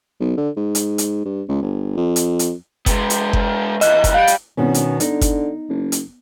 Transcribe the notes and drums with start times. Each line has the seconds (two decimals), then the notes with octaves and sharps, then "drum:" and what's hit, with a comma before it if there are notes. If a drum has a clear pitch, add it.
0.20 B1
0.38 D3
0.57 G#2
0.75 drum: hi-hat
0.98 drum: hi-hat
1.25 G2
1.49 C#2
1.63 G1
1.97 F2
2.16 drum: hi-hat
2.39 drum: hi-hat
2.86 G#3 B3, drum: kick F#1, hi-hat
3.10 drum: hi-hat
3.33 drum: kick F#1
3.81 D#2 E3 D#5 F#6, drum: hi-hat
4.04 drum: kick F#1, hi-hat
4.14 G3 F5 D7
4.27 drum: hi-hat
4.57 C2 B2 D#3 C#4
4.74 drum: hi-hat
5.00 D3 D#4, drum: hi-hat
5.21 drum: kick F#1, hi-hat
5.69 F#1
5.92 drum: hi-hat